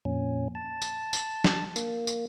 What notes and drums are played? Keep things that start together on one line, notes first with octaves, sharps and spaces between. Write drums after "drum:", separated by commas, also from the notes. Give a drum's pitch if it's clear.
F2 A#2 C#4
A5
drum: tambourine
drum: tambourine
drum: snare
A#3, drum: tambourine
drum: tambourine